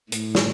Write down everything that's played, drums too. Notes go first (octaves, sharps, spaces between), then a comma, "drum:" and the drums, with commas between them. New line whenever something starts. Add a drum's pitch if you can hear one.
A2, drum: hi-hat
drum: snare